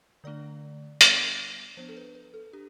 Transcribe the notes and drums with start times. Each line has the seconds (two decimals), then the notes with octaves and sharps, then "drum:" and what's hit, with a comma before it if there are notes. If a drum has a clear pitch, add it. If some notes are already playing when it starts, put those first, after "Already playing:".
0.24 D3 A3 D4 D5
1.01 G3 B3 D4, drum: hi-hat
1.77 F3 B3 D4 C5
1.89 A4
1.97 B4
2.15 B4
2.34 A4
2.53 D4 G4